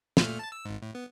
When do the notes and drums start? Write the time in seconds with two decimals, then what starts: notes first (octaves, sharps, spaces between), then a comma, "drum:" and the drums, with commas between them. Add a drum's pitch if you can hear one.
0.17 A#2 A3 F6, drum: snare
0.39 A5 A6
0.52 E6
0.65 G#1 G#2
0.82 A2
0.95 B3